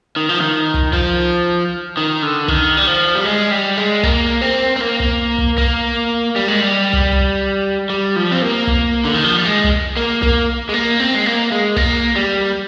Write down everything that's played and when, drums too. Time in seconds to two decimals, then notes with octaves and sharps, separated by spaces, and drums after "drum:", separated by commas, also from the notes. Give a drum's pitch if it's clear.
0.16 D#3
0.29 F3
0.41 D#3
0.74 drum: kick
0.93 F3, drum: kick
1.97 D#3
2.22 D3
2.48 D#3, drum: kick
2.77 G3
2.87 F3
3.15 G3
3.25 G#3
3.51 G3
3.77 G#3
4.03 A#3, drum: kick
4.41 C4
4.76 C4
4.81 A#3
5.00 drum: kick
5.38 drum: kick
5.58 A#3, drum: kick
6.36 G3
6.48 G#3
6.61 G3
6.93 drum: kick
7.13 drum: kick
7.90 G3
8.16 F3
8.31 C4
8.42 A#3
8.67 drum: kick
9.04 D3
9.14 D#3
9.24 F3
9.35 G3
9.45 G#3
9.64 drum: kick
9.97 A#3
10.22 A#3, drum: kick
10.69 G#3
10.74 A#3
11.00 C4
11.15 G#3
11.26 A#3
11.52 G#3
11.76 A#3, drum: kick
12.16 G3